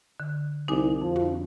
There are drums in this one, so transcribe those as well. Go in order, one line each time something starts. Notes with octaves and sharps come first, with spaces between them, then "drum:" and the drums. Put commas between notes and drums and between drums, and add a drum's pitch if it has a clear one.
D3
C2 D#4 G#5 D6
F2 F3
drum: tom